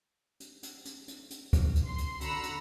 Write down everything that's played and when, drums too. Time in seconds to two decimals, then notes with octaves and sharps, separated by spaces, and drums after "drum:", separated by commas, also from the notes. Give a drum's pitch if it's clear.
0.40 drum: hi-hat
0.63 drum: hi-hat
0.85 drum: hi-hat
1.08 drum: hi-hat
1.30 drum: hi-hat
1.53 drum: kick C#2, hi-hat
1.76 drum: hi-hat
1.87 C6
1.98 drum: hi-hat
2.21 D3 F#4 A#5 B5 E6 C#7, drum: hi-hat
2.43 drum: hi-hat